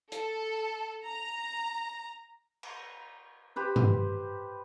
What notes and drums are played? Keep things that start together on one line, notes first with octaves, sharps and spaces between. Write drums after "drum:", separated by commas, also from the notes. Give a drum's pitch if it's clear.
A4, drum: hi-hat
A#5
drum: cymbal
G4 B4 C5
drum: tom